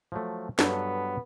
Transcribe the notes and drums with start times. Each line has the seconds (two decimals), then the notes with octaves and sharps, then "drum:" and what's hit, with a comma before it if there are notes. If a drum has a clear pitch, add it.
0.12 F3 F#3 A3
0.59 G2 F#3 B3 A4, drum: snare